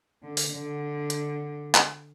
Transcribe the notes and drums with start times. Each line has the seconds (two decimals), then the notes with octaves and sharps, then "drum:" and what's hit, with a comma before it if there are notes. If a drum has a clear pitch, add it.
0.23 D3
0.37 drum: open hi-hat
0.52 D3
1.10 drum: hi-hat
1.75 drum: clap